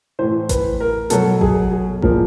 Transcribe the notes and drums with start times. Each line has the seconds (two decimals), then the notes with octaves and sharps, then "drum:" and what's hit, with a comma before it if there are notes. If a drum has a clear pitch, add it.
0.19 A2 E3 C5
0.49 B4, drum: kick A1, hi-hat
0.80 A#4
1.10 B2 F#3 A4, drum: hi-hat
1.41 G#4, drum: kick A1
1.72 G#4
2.02 A#2 F3 A#4, drum: kick A1